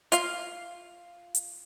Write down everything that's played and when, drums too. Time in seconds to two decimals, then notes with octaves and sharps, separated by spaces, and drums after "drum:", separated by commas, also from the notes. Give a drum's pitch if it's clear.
0.12 F4 F5, drum: hi-hat
1.35 drum: hi-hat